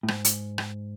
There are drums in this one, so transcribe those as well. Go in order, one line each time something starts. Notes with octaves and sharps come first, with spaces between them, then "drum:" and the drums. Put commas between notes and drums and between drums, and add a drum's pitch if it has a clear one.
A2
G#2, drum: rim click
drum: hi-hat
drum: rim click